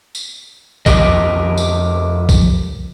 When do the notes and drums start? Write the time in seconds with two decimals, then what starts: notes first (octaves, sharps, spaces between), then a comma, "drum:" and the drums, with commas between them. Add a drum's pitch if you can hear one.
0.15 drum: tambourine
0.86 F2 C#3 G4 A#4 D#5, drum: kick, tambourine
1.57 drum: tambourine
2.29 drum: kick, tambourine